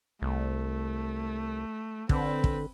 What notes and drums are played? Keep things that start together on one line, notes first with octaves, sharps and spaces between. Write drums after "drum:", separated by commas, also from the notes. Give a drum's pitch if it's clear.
C2 A3
D3 C4 B4, drum: kick
drum: kick